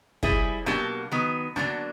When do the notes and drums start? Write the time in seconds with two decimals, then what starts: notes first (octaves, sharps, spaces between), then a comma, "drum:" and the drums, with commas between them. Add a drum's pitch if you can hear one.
0.23 G3 C4 E4 G#4, drum: kick
0.66 B2 F#3 A#3 D4 G4, drum: rim click
1.12 D#3 F#3 B3
1.56 D3 F#3 A#3 D4, drum: rim click